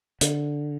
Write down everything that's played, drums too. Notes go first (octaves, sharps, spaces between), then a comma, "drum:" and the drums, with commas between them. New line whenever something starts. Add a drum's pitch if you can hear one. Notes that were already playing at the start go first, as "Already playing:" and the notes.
D3, drum: hi-hat